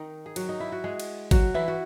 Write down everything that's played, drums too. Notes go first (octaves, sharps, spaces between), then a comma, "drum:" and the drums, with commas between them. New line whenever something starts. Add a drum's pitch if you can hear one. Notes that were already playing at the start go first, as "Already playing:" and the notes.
Already playing: D#3 D#4
G#4
F#3 F#4, drum: cymbal
D#4
E4
F#4
G#3 G#4
drum: cymbal
F#3 F#4, drum: kick G#1, cymbal
E3 E4
F#4